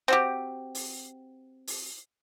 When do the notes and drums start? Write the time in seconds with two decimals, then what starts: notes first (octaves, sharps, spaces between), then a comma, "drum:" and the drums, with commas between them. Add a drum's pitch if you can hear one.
0.08 C4 F#4 G4
0.75 drum: open hi-hat
1.67 drum: open hi-hat